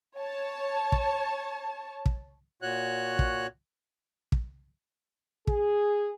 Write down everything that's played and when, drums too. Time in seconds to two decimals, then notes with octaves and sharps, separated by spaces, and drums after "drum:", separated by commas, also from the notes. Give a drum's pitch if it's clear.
0.18 C#5 A5
0.92 drum: kick
2.06 drum: kick
2.62 A#2 F#4 C#5 F#6
3.19 drum: kick
4.32 drum: kick
5.47 G#4, drum: kick